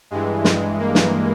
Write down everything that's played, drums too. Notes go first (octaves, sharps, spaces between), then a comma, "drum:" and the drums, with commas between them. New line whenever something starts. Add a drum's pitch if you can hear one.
G2 E3 G#3
G#3, drum: snare
A#3
drum: snare